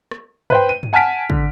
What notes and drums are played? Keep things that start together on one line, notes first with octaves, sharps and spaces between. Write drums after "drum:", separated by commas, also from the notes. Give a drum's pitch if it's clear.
drum: rim click
B4 C5 G5, drum: tom G2
D#7
drum: tom G2
F#5 G#5 A5 F6 B6 D7
D3, drum: kick